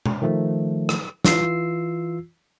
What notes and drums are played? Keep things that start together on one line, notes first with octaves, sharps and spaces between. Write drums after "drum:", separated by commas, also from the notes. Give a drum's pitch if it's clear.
drum: tom
D#3 F3 A3
drum: rim click
E3 F4 E6 C7, drum: snare